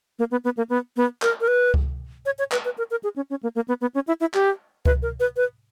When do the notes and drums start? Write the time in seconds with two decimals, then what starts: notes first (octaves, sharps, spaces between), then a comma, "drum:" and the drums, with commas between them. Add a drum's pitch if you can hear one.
0.19 A#3
0.31 B3
0.44 B3
0.57 A#3
0.70 B3
0.97 B3
1.22 A#4, drum: clap
1.41 A#4
1.48 B4
1.74 drum: kick C#2
2.26 C#5
2.39 C#5
2.52 B4, drum: clap
2.65 B4
2.78 A#4
2.91 A#4
3.03 G#4
3.16 C#4
3.30 C#4
3.43 A#3
3.55 A#3
3.68 B3
3.81 B3
3.95 C#4
4.07 E4
4.20 E4
4.34 G4, drum: clap
4.85 B4, drum: kick C#2
5.02 A#4
5.20 B4
5.36 B4